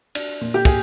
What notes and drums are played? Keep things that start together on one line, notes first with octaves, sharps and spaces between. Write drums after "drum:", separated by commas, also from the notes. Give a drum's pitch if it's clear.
D4, drum: cymbal
A#2
G4
G#4, drum: kick, cymbal